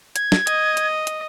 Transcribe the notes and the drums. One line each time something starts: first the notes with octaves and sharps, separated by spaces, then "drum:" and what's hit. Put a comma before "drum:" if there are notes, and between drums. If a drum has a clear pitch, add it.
G#6, drum: hi-hat
drum: snare
D#5, drum: hi-hat
drum: hi-hat
drum: hi-hat